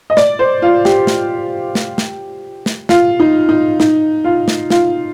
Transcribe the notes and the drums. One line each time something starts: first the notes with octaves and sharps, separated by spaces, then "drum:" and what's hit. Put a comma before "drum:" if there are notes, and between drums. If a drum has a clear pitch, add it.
D#5
D5, drum: snare
C5
F4
G4, drum: snare
drum: snare
drum: snare
drum: snare
drum: snare
F4, drum: snare
D#4
D#4
D#4, drum: snare
F4
drum: snare
F4, drum: snare